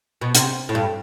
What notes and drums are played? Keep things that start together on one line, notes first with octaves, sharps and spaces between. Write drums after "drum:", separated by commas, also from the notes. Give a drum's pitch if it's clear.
B2
C3, drum: hi-hat
A2
G2